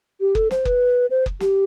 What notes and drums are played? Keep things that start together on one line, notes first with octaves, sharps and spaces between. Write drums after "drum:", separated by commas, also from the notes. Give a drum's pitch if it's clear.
G4
A4, drum: kick F#1
C5, drum: snare
B4, drum: kick F#1
C5
drum: kick F#1
G4, drum: snare